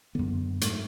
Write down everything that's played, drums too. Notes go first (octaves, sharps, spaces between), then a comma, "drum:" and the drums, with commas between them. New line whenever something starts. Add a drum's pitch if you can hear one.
F#2 D3 B3
G#2 A3, drum: hi-hat